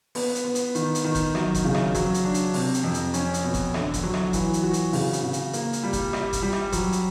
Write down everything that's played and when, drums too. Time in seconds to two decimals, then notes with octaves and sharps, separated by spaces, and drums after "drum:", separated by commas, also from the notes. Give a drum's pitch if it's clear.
0.15 B3, drum: open hi-hat
0.35 drum: hi-hat
0.45 B3
0.55 drum: hi-hat
0.75 D#3, drum: hi-hat
0.95 drum: hi-hat
1.04 D#3
1.15 drum: kick F#1, hi-hat
1.35 F#3, drum: rim click
1.55 drum: kick F#1, hi-hat
1.65 C#3
1.74 drum: rim click
1.95 F#3, drum: kick F#1, hi-hat
2.14 drum: hi-hat
2.25 D4
2.34 drum: hi-hat
2.54 C3, drum: open hi-hat
2.74 drum: hi-hat
2.83 F2
2.94 drum: hi-hat
3.14 C#4, drum: hi-hat
3.34 drum: hi-hat
3.44 B2
3.54 drum: kick F#1, hi-hat
3.74 D3, drum: rim click
3.94 drum: kick F#1, hi-hat
4.03 F#3
4.14 drum: rim click
4.33 E3, drum: kick F#1, hi-hat
4.53 drum: hi-hat
4.63 F#4
4.73 drum: hi-hat
4.93 C#3, drum: open hi-hat
5.13 drum: hi-hat
5.23 C#3
5.33 drum: hi-hat
5.53 A#3, drum: hi-hat
5.73 drum: hi-hat
5.83 G3
5.93 drum: kick F#1, hi-hat
6.13 G3, drum: rim click
6.33 drum: kick F#1, hi-hat
6.43 G3
6.53 drum: rim click
6.72 F#3, drum: kick F#1, hi-hat
6.92 drum: hi-hat